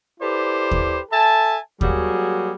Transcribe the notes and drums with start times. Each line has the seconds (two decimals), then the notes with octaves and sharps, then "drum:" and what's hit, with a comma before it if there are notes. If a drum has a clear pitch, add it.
0.20 E4 G4 A4 B4 C5 D5
0.71 drum: kick D#2
1.11 A4 E5 G#5 A5
1.81 F#3 G3 A#3 F#4 G#4, drum: kick D#2